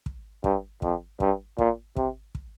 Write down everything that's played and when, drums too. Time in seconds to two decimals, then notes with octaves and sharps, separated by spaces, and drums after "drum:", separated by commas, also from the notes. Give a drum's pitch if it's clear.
0.06 drum: kick
0.44 G2, drum: kick
0.82 F2, drum: kick
1.20 G2, drum: kick
1.58 A#2, drum: kick
1.97 C3, drum: kick
2.35 drum: kick